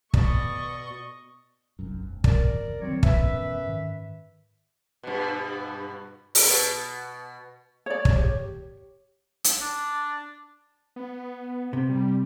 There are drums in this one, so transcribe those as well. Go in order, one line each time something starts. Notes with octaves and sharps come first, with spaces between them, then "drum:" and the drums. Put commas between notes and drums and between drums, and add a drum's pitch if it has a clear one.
B2 D5 D#5 C#6, drum: kick
F1 B1 F#2
E1
F1 E2 A#4 D5, drum: kick
D3 D#3 F#3 C4 C#5
F#2 B2 E3 B3 B4 E5, drum: kick
G#2 D#3
G2 B2
drum: open hi-hat
B2
C#5 D5
drum: kick
G4 C#5
drum: hi-hat
D4
B3
C3
G3